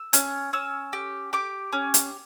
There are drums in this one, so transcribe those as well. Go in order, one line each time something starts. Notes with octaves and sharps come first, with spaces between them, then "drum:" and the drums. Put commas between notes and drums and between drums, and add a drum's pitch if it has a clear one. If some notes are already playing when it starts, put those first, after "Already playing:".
Already playing: E6
C#4, drum: hi-hat
C#4 E6
G4
G4 D6
C#4
drum: hi-hat